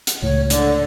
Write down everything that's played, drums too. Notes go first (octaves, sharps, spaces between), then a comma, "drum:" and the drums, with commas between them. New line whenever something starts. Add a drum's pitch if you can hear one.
drum: hi-hat
C#2 A2 C#5
D3 D5, drum: hi-hat